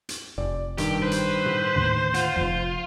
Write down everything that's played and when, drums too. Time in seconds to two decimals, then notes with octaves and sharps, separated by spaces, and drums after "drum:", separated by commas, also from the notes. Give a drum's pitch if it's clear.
0.09 drum: hi-hat
0.38 F1 D5
0.78 G2 D#3 G4, drum: hi-hat
1.02 B4 C5
1.11 drum: hi-hat
1.46 drum: tom A2
1.76 D#2 A2 D3 C6
2.14 F4 F#5, drum: hi-hat
2.37 F1 F2 F4